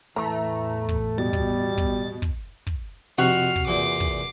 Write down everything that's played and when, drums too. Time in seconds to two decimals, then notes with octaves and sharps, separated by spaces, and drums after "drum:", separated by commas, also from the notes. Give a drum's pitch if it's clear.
0.16 E2 A2 E3 A3 A#5
0.89 drum: kick
1.18 B2 G3 A6
1.33 drum: kick
1.78 drum: kick
2.22 drum: kick
2.67 drum: kick
3.18 F2 C3 F#4 F6 C7
3.56 drum: kick
3.67 E2 A#2 D6 C7
4.00 drum: kick